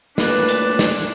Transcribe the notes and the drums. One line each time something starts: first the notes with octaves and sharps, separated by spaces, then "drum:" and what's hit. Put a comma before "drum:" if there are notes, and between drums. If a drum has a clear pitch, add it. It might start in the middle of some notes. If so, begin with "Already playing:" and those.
A2 A#3 D4 B4, drum: snare
drum: hi-hat
drum: snare